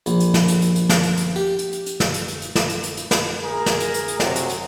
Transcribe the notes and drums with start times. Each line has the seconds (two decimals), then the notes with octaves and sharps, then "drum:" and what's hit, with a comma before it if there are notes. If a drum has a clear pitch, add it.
0.06 A#1, drum: hi-hat
0.20 drum: hi-hat
0.34 drum: snare
0.48 drum: hi-hat
0.62 drum: hi-hat
0.76 drum: hi-hat
0.89 drum: snare
1.03 drum: hi-hat
1.17 drum: hi-hat
1.36 G4
1.59 drum: hi-hat
1.72 drum: hi-hat
1.86 drum: hi-hat
2.00 drum: snare
2.14 drum: hi-hat
2.28 drum: hi-hat
2.42 drum: hi-hat
2.56 drum: snare
2.69 drum: hi-hat
2.83 drum: hi-hat
2.97 drum: hi-hat
3.11 drum: snare
3.44 G#4 A#4
3.66 drum: snare
3.80 drum: hi-hat
3.94 drum: hi-hat
4.08 drum: hi-hat
4.20 C3 F#3, drum: snare
4.35 drum: hi-hat
4.49 drum: hi-hat